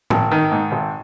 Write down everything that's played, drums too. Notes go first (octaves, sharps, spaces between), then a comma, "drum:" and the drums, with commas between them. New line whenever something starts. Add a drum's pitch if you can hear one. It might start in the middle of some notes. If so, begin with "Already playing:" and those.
G#1, drum: tom A2
D#3
G#2
G#1